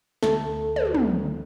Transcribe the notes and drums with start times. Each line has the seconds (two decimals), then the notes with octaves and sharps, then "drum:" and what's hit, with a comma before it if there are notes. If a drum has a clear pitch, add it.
0.23 D2 A3 A4, drum: snare
0.76 drum: tom
0.94 drum: tom